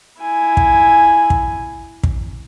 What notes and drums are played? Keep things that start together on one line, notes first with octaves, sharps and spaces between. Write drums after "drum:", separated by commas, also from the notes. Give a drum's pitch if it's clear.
E4 G#5
drum: kick
drum: kick
drum: kick